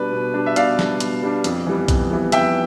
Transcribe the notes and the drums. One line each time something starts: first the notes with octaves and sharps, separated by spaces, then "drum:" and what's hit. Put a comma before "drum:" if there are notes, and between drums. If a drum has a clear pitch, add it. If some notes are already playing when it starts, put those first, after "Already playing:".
Already playing: B2 G3 D4 B4 D5
B2
G3 D4
E5
B2 D5 F5, drum: hi-hat
G3 D4, drum: snare
B2, drum: hi-hat
G3 D4
F2, drum: hi-hat
E3 G3 B3
F2, drum: kick, hi-hat
E3 G3 B3
F2 E5 G5, drum: hi-hat